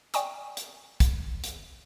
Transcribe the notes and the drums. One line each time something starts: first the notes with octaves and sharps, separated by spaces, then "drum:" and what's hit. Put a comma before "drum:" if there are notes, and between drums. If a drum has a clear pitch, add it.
D5 G5 G#5 C#6 D#6, drum: hi-hat
drum: hi-hat
drum: kick, hi-hat
drum: hi-hat